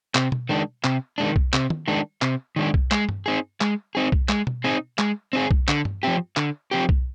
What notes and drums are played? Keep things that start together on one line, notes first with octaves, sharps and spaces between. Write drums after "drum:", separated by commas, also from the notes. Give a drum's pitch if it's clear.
C3, drum: clap
drum: tom B2
D#3 G#3 D4
C3, drum: clap
D#3 G#3 D4
drum: kick B1
C3, drum: clap
drum: tom
D#3 G#3 D4
C3, drum: clap
D#3 G#3 D4
drum: kick B1
G#3, drum: clap
drum: tom G2
C4 D#4 G#4
G#3, drum: clap
C4 D#4 G#4
drum: kick B1
G#3, drum: clap
drum: tom B2
C4 D#4 G#4
G#3, drum: clap
C4 D#4 G#4
drum: kick B1
D3, drum: clap
drum: tom G2
F3 C4 G4
D3, drum: clap
F3 C4 G4
drum: kick B1